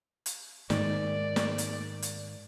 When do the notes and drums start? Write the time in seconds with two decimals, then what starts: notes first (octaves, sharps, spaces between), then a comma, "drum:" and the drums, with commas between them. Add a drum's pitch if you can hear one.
0.26 drum: hi-hat
0.70 G#2 D#3 D5, drum: snare
1.36 drum: snare
1.58 drum: hi-hat
2.02 drum: hi-hat